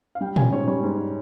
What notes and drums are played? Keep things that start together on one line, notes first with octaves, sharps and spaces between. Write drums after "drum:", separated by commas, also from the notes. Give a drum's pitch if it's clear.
F5
G3 G5
C#4 G#5, drum: tom A#2
G#2 C#5
G3 C#5
G#2